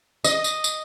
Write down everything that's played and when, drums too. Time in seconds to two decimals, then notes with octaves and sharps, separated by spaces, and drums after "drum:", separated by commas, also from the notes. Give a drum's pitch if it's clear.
0.24 D#5, drum: tambourine
0.44 drum: tambourine
0.64 drum: tambourine